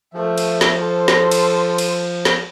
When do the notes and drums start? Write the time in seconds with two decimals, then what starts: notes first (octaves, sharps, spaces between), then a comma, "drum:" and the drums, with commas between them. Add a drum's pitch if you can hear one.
0.14 F3 A3 E5
0.38 drum: cymbal
0.61 drum: snare
0.80 A4 C5
1.08 drum: snare
1.31 drum: cymbal
1.78 drum: cymbal
2.25 drum: snare